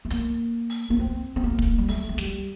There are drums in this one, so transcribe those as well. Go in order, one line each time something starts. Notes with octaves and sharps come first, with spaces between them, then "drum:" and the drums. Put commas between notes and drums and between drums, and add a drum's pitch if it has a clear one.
A3
A#3, drum: hi-hat
drum: open hi-hat
A#3
C4
C4
A#3
drum: kick
G3
A3, drum: open hi-hat
A3
G3, drum: snare